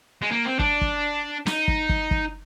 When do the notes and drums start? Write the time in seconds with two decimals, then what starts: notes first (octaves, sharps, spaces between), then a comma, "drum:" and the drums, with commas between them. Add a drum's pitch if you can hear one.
0.22 G#3
0.32 A#3
0.45 C4
0.59 D4, drum: kick
0.81 drum: kick
1.46 D#4, drum: snare
1.68 drum: kick
1.89 drum: kick
2.11 drum: kick